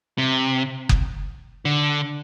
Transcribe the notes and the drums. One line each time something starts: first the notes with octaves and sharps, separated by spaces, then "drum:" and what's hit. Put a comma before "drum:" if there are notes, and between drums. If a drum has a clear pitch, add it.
C3
drum: kick F#1
D3